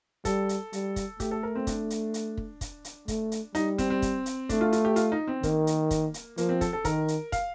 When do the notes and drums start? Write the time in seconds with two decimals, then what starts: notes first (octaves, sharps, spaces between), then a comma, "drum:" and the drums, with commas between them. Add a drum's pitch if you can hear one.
0.25 G3 A4, drum: kick, hi-hat
0.49 drum: hi-hat
0.73 G3, drum: hi-hat
0.96 drum: kick, hi-hat
1.20 A3 G4, drum: kick, hi-hat
1.31 A4
1.43 A#4
1.55 C4
1.67 D4, drum: kick, hi-hat
1.90 drum: hi-hat
2.14 drum: hi-hat
2.37 drum: kick
2.61 drum: kick, hi-hat
2.84 drum: hi-hat
3.08 A3, drum: kick, hi-hat
3.32 drum: hi-hat
3.55 G3 D#4, drum: hi-hat
3.78 C4, drum: kick, hi-hat
3.90 C4
4.02 drum: kick, hi-hat
4.26 drum: hi-hat
4.49 A3 D4, drum: kick, hi-hat
4.61 F4
4.72 F4, drum: hi-hat
4.85 G4
4.96 F4, drum: hi-hat
5.12 D#4
5.27 C4
5.43 D#3 A#3, drum: kick, hi-hat
5.67 drum: hi-hat
5.91 drum: kick, hi-hat
6.14 drum: hi-hat
6.37 F3 A#3, drum: hi-hat
6.49 C4
6.61 A4, drum: kick, hi-hat
6.73 A4
6.85 D#3 A#4, drum: kick, hi-hat
7.08 drum: hi-hat
7.32 F5, drum: kick, hi-hat